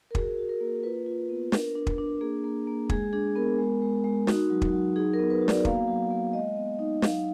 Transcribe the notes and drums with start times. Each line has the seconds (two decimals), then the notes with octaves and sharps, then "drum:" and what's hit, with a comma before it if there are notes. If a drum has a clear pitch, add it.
0.11 A#4
0.15 F#4 G#4, drum: kick
0.38 F#4
0.49 A#4
0.61 A#3
0.83 F4 B4
1.06 F4
1.29 B3
1.52 D4 A#4, drum: snare
1.75 D4
1.87 drum: kick
1.98 D4
2.21 A#3 G#4
2.44 A#3
2.67 A#3
2.89 G#3 G#4, drum: kick
3.13 D4 G#4
3.35 B3 A#4
3.58 G#3
3.82 G#3
4.04 G#3
4.27 D#4 F#4, drum: snare
4.50 F#3
4.62 drum: kick
4.73 F#3
4.96 D#4 G#4
5.13 A#4
5.19 B3
5.30 B4
5.42 F#4
5.48 D5, drum: snare
5.65 A#3 F5, drum: kick
5.88 F#3
6.11 A#3
6.33 G#3 D#5
6.56 B3
6.79 D#4
7.02 F#3 F5, drum: snare